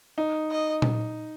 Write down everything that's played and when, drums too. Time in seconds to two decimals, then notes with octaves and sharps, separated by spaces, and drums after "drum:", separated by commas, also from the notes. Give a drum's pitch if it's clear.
0.18 D#4
0.51 D#5
0.82 drum: tom A#2